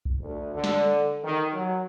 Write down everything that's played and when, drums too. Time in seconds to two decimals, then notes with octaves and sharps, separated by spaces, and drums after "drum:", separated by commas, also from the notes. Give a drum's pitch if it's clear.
0.05 drum: kick C2
0.20 D2
0.53 D3
0.64 drum: snare
1.24 D#3
1.54 F#3